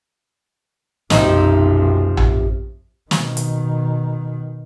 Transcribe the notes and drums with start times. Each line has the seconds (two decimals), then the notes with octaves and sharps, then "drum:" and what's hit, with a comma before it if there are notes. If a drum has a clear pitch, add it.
1.10 B1 F#2 C3 F3 D#4, drum: snare
2.17 drum: tom A#1
3.11 B2 D#3, drum: snare
3.37 drum: hi-hat